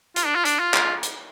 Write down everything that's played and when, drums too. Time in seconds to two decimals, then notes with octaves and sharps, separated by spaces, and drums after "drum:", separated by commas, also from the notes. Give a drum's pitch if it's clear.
0.16 F4, drum: hi-hat
0.26 D4
0.35 F4
0.45 D4, drum: hi-hat
0.59 F4
0.74 drum: clap
1.03 drum: hi-hat